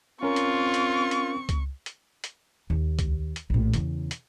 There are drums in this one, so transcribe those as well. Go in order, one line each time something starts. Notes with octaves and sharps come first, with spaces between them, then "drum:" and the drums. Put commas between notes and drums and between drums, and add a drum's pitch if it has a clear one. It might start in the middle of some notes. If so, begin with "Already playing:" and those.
C4 C#4 F4 A#4 C#6
drum: hi-hat
drum: hi-hat
drum: hi-hat
drum: kick C#2, hi-hat
drum: hi-hat
drum: hi-hat
D#2
drum: kick C#2, hi-hat
drum: hi-hat
A#1 A2
E2 C#3, drum: hi-hat
drum: hi-hat